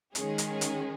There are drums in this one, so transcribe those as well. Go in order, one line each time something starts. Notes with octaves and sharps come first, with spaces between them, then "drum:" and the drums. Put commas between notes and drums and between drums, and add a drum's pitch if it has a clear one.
D#3 G#3 C#4 G#4, drum: hi-hat
drum: hi-hat
drum: hi-hat